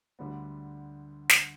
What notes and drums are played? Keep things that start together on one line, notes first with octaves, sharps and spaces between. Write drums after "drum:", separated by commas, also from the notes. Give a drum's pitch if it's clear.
D2 D3 G3 B3
drum: snare